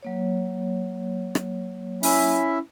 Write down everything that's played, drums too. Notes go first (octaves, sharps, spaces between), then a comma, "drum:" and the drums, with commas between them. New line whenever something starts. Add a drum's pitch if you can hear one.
F#3 A#3 C#5
drum: rim click
C#4 E4 E5, drum: open hi-hat